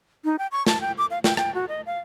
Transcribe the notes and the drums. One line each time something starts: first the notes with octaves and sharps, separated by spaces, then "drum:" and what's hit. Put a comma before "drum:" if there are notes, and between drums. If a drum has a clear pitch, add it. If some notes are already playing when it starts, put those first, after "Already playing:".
D#4
G5
C#6
A5, drum: snare
G5
D6
F5
G5, drum: snare
G5, drum: rim click
F#4
D#5
F5